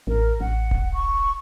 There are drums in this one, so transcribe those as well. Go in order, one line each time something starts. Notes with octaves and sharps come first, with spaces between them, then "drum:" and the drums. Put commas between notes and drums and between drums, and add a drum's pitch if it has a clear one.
A1 A#4
A1 F#5
drum: kick D1
C#6